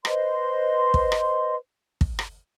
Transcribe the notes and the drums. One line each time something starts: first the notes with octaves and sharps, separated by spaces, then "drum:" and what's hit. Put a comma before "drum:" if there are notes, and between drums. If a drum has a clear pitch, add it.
B4 C5 D#5 C6, drum: rim click
drum: kick
drum: rim click
drum: kick
drum: rim click